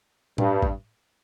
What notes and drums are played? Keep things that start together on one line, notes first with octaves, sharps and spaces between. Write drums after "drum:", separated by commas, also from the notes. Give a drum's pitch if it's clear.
G2, drum: tom A2
drum: kick